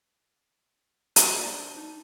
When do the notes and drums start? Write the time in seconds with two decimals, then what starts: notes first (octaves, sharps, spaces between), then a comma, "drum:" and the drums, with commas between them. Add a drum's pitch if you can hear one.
1.16 drum: hi-hat
1.32 C5 D5
1.52 D4
1.77 D#4